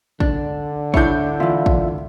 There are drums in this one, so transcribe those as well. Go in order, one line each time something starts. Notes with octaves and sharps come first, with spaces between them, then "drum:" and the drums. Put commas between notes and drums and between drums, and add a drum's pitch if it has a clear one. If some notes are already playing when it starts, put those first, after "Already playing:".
D3 D4, drum: kick
D4 E4 C#5 G6, drum: kick
A#2 E3 F4 E5
drum: kick